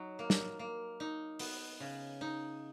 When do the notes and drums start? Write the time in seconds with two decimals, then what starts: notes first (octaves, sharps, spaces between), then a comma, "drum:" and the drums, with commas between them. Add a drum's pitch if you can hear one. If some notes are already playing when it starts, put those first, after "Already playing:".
Already playing: F#3 D#4
0.19 A#3
0.30 drum: snare
0.59 A#3
1.00 D#4
1.39 B3, drum: open hi-hat
1.80 C#3
2.21 D#4